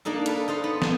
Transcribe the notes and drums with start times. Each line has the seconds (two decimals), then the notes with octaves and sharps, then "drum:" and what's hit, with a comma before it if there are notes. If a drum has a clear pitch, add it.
0.05 A#3 D4 D#4 A4
0.26 A4 B4 F5, drum: hi-hat
0.48 D#4 A4 C5
0.64 B3
0.82 drum: snare